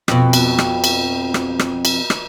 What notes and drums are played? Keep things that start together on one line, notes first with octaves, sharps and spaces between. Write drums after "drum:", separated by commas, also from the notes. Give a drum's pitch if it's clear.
F2 B2, drum: rim click
drum: cymbal
drum: rim click
drum: cymbal
drum: rim click
drum: rim click
drum: cymbal
drum: rim click